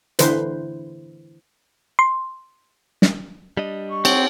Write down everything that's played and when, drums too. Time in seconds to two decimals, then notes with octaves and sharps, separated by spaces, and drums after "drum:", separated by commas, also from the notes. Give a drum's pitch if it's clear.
0.19 D3 E3 B4 C5, drum: hi-hat
1.99 C6
3.02 drum: snare
3.57 G3 D4 D#5
3.90 C#6
4.05 C4 G4 C#5 F#5, drum: cymbal